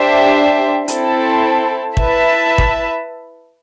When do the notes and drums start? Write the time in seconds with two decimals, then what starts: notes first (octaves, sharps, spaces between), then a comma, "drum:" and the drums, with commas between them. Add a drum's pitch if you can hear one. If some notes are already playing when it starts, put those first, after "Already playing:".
Already playing: D4 G4 C5 E5 G5
0.88 C4 E4 A4, drum: hi-hat
1.97 E4 B4 E5 A5, drum: kick
2.58 drum: kick